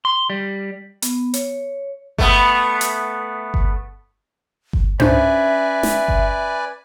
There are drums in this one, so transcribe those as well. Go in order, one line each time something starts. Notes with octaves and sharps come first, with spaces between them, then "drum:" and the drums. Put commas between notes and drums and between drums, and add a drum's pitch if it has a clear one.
C6
G3
B3, drum: hi-hat
C#5, drum: hi-hat
A3 B3, drum: kick G1
drum: hi-hat
drum: kick G1
drum: kick G1
C#4 D4 B4 C5 D5 E5 G#5 B5, drum: tom G#2
drum: snare
drum: kick G1